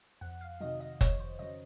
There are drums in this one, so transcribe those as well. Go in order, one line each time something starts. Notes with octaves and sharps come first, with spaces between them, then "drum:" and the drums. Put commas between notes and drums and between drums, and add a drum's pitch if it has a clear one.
F2 F#5
F5
C3 D#3 F#3 D#5
D#5
F2 C#5, drum: kick, hi-hat
C5
C#3 F#3 D#5